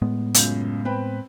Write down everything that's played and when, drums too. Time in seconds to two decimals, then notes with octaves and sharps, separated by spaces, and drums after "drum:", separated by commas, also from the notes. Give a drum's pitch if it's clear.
0.02 A2 G#3 B3
0.34 C#2 F#2 G6, drum: hi-hat
0.85 C4 B4 G5